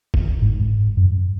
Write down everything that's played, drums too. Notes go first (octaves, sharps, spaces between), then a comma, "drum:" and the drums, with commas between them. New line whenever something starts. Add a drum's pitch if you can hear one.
drum: kick F#1
G#2
F#2